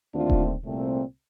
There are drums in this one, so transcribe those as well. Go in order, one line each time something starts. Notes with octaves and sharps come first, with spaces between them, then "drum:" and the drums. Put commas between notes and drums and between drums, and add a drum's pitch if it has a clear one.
D#2 D3 A3 C4 D4 F4
drum: kick D#1
C2 A#2 A3 C4